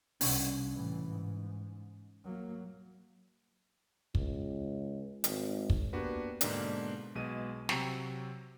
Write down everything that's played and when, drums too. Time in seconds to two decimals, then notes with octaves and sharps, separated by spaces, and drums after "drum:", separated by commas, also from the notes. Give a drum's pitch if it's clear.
0.21 C2 C#4 D4 F#5, drum: open hi-hat
0.72 A2 E3
1.10 G#2
2.24 F#3 A#3
4.15 C#2, drum: kick
5.24 G#1, drum: hi-hat
5.70 drum: kick
5.93 A#3 B3 D4 F#4 G4 B4
6.41 G#2 B2 D3 A#3 D4 D#4, drum: hi-hat
7.15 B1 B2 G#3 D#5 D#7
7.69 C3 F#3 C4 G5 A#5 C#6, drum: snare